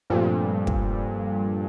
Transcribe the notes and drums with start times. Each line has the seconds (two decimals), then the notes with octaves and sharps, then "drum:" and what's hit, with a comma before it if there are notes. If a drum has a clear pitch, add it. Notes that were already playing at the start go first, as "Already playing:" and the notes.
0.10 G2 A#2 F3 A3 C4 F4
0.67 drum: kick